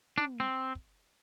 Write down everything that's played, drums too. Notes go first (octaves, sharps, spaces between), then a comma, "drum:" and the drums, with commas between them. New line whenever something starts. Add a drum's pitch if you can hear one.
D4, drum: tom
C4
drum: kick